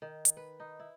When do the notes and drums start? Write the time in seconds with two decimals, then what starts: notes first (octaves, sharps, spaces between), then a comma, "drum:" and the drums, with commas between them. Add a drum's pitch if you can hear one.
0.02 D#3
0.25 drum: hi-hat
0.37 B4
0.60 D#4
0.80 E4